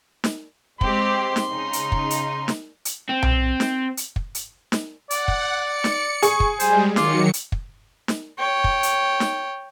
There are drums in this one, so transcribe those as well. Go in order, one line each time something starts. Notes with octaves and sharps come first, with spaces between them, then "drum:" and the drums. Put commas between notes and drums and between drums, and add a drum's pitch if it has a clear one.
drum: snare
G#3 C4 G4 C6, drum: kick
drum: snare
C#3 D#4
drum: hi-hat
drum: kick
drum: hi-hat
drum: snare
drum: hi-hat
C4
drum: tom B1
drum: snare
drum: hi-hat
drum: kick
drum: hi-hat
drum: snare
D5 F#5, drum: hi-hat
drum: kick
C#7
drum: snare
G#4 C#6, drum: hi-hat
drum: kick
G3 G#3 C5 G#5, drum: hi-hat
D#3 F#3 F4 D6 C#7, drum: snare
drum: hi-hat
drum: kick
drum: snare
C#5 G5
drum: kick
drum: hi-hat
drum: snare